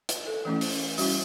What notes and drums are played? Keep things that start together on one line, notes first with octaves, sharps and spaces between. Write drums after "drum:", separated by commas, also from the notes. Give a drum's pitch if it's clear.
B4, drum: hi-hat
A4
E3 A3 C#4 E4
drum: open hi-hat
G3 C#4 E4 F#4, drum: open hi-hat